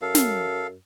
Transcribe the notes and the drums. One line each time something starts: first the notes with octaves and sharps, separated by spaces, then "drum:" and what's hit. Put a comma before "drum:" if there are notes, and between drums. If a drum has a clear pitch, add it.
F#2 A4 F5
drum: snare